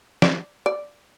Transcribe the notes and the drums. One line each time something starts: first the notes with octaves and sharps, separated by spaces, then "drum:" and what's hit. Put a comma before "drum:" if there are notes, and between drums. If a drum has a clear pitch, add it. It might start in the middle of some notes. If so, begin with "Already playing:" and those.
D5, drum: snare
D5